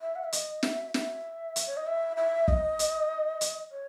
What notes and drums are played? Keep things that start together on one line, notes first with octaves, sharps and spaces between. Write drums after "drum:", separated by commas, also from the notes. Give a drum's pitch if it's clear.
E5
F#5
E5
D#5, drum: hi-hat
E5, drum: snare
E5, drum: snare
drum: hi-hat
C#5
D#5
E5
E5
D#5, drum: kick
drum: hi-hat
drum: hi-hat
C#5